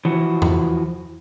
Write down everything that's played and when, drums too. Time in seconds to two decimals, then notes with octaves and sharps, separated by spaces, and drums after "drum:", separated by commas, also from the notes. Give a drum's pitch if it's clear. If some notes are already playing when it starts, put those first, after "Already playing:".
0.05 E3 F3 F#4
0.42 drum: tom E2